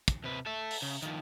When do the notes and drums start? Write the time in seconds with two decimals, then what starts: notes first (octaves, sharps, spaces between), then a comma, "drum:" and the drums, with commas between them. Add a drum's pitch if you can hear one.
0.08 drum: kick, hi-hat
0.24 C3 B4
0.46 A4 E5
0.71 drum: open hi-hat
0.82 C#3
1.02 D#3 F3, drum: hi-hat